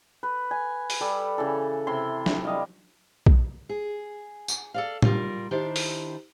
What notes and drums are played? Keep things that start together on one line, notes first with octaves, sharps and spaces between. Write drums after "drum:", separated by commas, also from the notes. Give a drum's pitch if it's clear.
B4
G#5
drum: open hi-hat
G3 A4
C#3 E3 A4
C3 E4 C6
drum: snare
G3 D#5 F5
drum: kick
G#4
drum: tambourine
A4 D5 F5
G3 F4 A#4, drum: tom A2
D#3 D4 E4 G4 C5
drum: open hi-hat